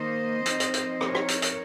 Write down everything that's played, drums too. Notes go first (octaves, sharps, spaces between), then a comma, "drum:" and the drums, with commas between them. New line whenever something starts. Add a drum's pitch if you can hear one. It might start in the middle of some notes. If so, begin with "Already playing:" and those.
Already playing: D#3 A#3 D#4 C5 D#5
F3 C4 D#4, drum: hi-hat
drum: hi-hat
drum: hi-hat
A#4 C#5, drum: rim click
drum: rim click
drum: hi-hat
drum: hi-hat